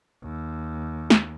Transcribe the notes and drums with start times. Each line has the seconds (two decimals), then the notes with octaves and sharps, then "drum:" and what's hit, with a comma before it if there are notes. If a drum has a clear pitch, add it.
0.23 D#2
1.10 drum: snare